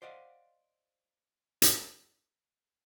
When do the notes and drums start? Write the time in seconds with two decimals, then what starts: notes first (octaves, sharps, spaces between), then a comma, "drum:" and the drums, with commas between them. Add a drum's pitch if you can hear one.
0.02 C5 D5 D#5 F5 F#5
1.62 drum: hi-hat